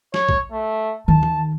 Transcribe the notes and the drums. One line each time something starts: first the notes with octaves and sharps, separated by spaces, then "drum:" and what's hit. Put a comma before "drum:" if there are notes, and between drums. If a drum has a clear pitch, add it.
C#5, drum: snare
drum: kick B1
A3
D#2 D#3 A5
drum: tom E3